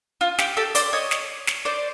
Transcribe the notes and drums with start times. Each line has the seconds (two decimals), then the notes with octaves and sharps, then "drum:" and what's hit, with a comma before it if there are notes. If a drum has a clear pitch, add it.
0.21 F4
0.39 G4, drum: snare
0.57 G4 A4
0.75 C5 D5, drum: hi-hat
0.93 C#5 D#5
1.11 drum: snare
1.47 drum: snare
1.65 C5 D5